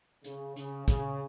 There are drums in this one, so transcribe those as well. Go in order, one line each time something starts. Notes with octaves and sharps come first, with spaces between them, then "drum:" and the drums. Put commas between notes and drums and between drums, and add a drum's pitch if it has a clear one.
C#3, drum: hi-hat
C#3, drum: hi-hat
C#3, drum: kick, hi-hat